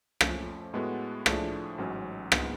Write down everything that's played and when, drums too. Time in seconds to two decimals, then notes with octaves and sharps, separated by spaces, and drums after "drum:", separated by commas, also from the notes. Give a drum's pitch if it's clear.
0.21 F2 F3 A3 C#4, drum: rim click
0.73 A2 G#3 B3 F#4 A4
1.26 A2 F3 A3 D4 G#4, drum: rim click
1.78 A1 G#2 F#3 C#4
2.32 G#2 G#3 B3, drum: rim click